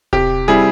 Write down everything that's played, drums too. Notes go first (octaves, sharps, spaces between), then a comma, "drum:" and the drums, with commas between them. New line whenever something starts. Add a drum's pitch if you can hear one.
C3 G4, drum: kick D#1
G3 C4 E4 G#4